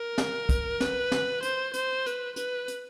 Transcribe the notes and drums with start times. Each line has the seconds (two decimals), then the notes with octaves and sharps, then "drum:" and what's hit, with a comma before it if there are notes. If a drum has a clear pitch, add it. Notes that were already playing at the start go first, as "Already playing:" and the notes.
Already playing: A#4
0.18 drum: snare
0.49 drum: kick, hi-hat
0.80 B4, drum: snare
1.12 drum: snare
1.42 C5, drum: hi-hat
1.74 C5, drum: hi-hat
2.06 B4, drum: hi-hat
2.36 B4, drum: hi-hat
2.68 drum: hi-hat